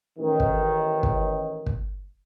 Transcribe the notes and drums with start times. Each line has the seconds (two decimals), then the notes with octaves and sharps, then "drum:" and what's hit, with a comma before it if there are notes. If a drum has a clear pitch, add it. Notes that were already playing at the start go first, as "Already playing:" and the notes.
0.19 A1 D#3
0.40 drum: kick
1.03 drum: kick
1.66 drum: kick